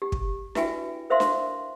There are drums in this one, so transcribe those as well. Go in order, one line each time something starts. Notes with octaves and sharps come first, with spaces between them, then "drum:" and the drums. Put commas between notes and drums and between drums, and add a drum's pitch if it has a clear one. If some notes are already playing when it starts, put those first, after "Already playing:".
G4
drum: kick
E4 F#4 B4 E5 G5 G#5, drum: snare D4
A#4 C5 E5 F5 C6
drum: snare D4